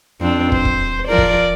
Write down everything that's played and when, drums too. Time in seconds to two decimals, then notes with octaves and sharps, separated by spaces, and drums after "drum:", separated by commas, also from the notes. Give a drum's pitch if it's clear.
0.21 F2 C4 D4
0.52 C5, drum: kick
0.65 drum: kick
1.08 F3 A#4 D5
1.18 drum: kick